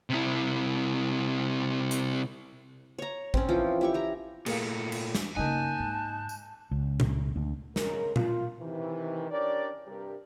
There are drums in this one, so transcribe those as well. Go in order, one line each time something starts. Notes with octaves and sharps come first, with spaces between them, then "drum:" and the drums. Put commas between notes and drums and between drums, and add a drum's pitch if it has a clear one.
C3 E4
drum: hi-hat
C#5 A#5
C4 C#4, drum: kick A1
E3 F3 F4 G5
E4 G4 C#6
G4 A#5
A#2 A3 G#4 A#4 F5, drum: cymbal
drum: cymbal
drum: snare
G2 C#3 A#3 D#4 G#5 A5 F#6 G6
G#2
drum: tambourine
C#2
drum: tom
D2
C#3 G#3 A#4, drum: snare
F4, drum: tom
C3 D#3 E3
C#4 D4 G4 A#4 C#5 D5
G2 C3 G4 A#4